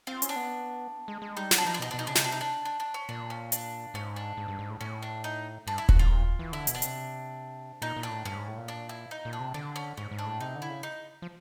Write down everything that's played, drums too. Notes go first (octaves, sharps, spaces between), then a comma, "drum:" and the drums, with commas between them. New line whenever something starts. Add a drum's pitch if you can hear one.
C4 F4
C#4, drum: hi-hat
D4
B3
G#3
G#3
G3 D#4
F#3, drum: snare
D4
F3 D#4
D4
B2 D#4
D4
B2
D#4
C#3 D4
D#4, drum: snare
C3 D4
D#4
D4
D4
D4
C#4
A#2 D4
C#4
D4, drum: hi-hat
G#2 C#4
D4
G#2
G2
G#2
A2
A2 C#4
D4
D#4
G2 D4
E4
F#4, drum: kick D#1
A2 F4
A#2
E3
D3 E4
B2, drum: hi-hat
D4
C3, drum: hi-hat
A#2 D#4
A#2
D4
A2
G2 C#4
G#2
A2
A#2
D4
E4
D#4
A#2
D4
C3
D3 D4
C#4
G#2 C#4
G#2
D4
A2
C3 D#4
D3
E4
C#3
D#4
F3